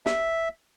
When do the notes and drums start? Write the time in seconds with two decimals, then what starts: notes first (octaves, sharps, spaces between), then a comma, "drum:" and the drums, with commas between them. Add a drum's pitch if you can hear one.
0.06 E5, drum: snare